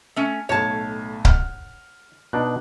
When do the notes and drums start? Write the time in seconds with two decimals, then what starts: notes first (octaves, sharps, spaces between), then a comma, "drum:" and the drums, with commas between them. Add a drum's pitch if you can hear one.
0.16 A3 C#4
0.49 B1 A2 C#5 A5
1.25 F#5 F6, drum: kick C#1
2.33 B2 D4 D#4 F#6